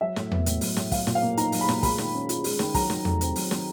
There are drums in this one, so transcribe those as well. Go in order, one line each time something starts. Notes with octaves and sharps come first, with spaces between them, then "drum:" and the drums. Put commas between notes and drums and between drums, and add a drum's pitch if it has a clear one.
F#3 E5
A2, drum: snare
B3, drum: tom E2
A2, drum: hi-hat
F#3, drum: open hi-hat
A2, drum: snare
F#3 F5, drum: kick, open hi-hat
A#2, drum: snare
F5
A#3
D#4 A#5, drum: hi-hat
F#3, drum: open hi-hat
B5
A#2, drum: snare
G#3 B5, drum: kick, open hi-hat
D#3, drum: snare
C#4
F4, drum: hi-hat
G#3, drum: open hi-hat
D#3, drum: snare
F#3 A#5, drum: kick, open hi-hat
D#3, drum: snare
A3, drum: tom E2
C4, drum: hi-hat
F#3, drum: open hi-hat
D#3, drum: snare